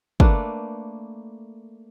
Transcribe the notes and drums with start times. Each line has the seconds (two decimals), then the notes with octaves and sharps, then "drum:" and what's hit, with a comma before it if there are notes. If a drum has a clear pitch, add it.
0.20 A3 A#3 D4 B4, drum: kick